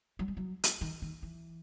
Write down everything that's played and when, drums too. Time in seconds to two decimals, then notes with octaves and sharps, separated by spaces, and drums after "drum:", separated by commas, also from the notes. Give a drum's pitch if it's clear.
0.19 F#3
0.28 G#3
0.37 F#3
0.64 drum: hi-hat
0.81 D#3
1.02 D#3
1.22 E3